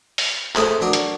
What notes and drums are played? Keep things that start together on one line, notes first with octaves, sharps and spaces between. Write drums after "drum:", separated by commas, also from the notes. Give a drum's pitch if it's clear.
drum: open hi-hat
A2 A3 G#4 C5 A5 D#6, drum: clap
F#3 D4 A#4
drum: hi-hat